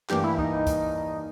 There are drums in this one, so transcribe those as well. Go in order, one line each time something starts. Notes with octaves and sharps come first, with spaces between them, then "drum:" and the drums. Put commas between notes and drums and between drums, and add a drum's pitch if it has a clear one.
G2 E3 A#3 G4, drum: clap
E4
D#4, drum: kick
drum: kick, hi-hat